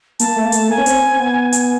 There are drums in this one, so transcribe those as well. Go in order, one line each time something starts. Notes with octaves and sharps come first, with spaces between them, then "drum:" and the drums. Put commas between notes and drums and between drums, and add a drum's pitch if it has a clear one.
A#3 A5, drum: hi-hat
A#3
A3
A#3
A3, drum: hi-hat
A#3 G#5
C#4
C4, drum: hi-hat
C4
B3
drum: hi-hat